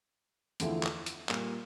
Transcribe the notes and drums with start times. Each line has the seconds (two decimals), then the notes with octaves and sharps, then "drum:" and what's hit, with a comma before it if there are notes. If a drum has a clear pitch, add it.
0.60 E2 D3 F3 A3 E4, drum: hi-hat
0.83 drum: clap
1.06 drum: hi-hat
1.29 A#2 G3 A#3, drum: clap